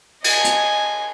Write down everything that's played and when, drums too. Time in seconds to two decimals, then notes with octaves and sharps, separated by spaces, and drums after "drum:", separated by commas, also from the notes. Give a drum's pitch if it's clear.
0.24 D#5 G#5, drum: cymbal
0.44 drum: hi-hat